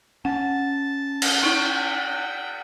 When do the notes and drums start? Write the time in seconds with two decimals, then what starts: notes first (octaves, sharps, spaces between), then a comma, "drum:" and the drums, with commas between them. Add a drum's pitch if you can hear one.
0.25 C#4 F#5 A5
1.22 drum: cymbal
1.43 D#4 E4 F#5 G5